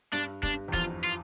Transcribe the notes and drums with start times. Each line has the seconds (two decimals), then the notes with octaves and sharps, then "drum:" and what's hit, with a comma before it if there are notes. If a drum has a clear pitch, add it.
0.13 G2 D4, drum: hi-hat
0.43 G2 D4, drum: kick
0.68 E2
0.73 F2 F4, drum: kick, hi-hat
1.04 F4